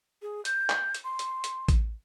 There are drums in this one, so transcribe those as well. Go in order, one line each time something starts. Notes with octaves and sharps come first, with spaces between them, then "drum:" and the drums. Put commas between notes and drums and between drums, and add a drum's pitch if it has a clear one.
G#4
G6, drum: hi-hat
drum: clap
drum: hi-hat
C6
drum: hi-hat
drum: hi-hat
drum: kick A1, hi-hat